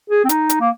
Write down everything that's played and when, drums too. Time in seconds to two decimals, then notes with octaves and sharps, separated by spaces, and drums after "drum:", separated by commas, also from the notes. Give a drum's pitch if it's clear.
0.10 G#4
0.25 C4
0.29 D#4, drum: hi-hat
0.49 drum: hi-hat
0.61 A#3